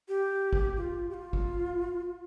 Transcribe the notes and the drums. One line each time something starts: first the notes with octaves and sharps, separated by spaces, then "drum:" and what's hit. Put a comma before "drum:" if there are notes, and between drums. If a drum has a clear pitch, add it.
G4
drum: kick
F4
G4
F4
drum: kick